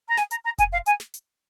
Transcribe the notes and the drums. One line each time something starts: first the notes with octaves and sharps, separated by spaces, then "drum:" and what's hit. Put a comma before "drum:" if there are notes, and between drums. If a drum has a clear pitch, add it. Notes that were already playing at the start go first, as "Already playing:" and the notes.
A#5
G#5, drum: snare
A#5, drum: hi-hat
A#5
G#5, drum: kick F1, hi-hat
F5
G#5, drum: hi-hat
drum: snare
drum: hi-hat